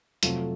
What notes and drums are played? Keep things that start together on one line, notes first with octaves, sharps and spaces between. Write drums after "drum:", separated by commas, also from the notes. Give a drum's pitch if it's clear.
F2 C3 F#3 A3 F4 A4, drum: hi-hat